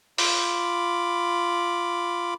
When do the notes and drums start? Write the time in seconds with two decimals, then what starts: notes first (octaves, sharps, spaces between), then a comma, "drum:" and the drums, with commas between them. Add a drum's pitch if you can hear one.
0.18 F4 B5 D6, drum: open hi-hat